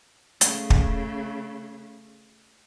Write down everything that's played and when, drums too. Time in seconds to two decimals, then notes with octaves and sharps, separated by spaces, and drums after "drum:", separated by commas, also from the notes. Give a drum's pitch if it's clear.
0.41 C#3 A3, drum: hi-hat
0.70 drum: kick